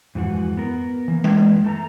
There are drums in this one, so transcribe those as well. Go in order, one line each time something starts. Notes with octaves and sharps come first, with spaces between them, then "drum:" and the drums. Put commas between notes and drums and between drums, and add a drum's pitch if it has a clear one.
F2 G#2 E3 F#4
B3 A#4
E3 A#3
drum: tom G#3
A3 A5 A#5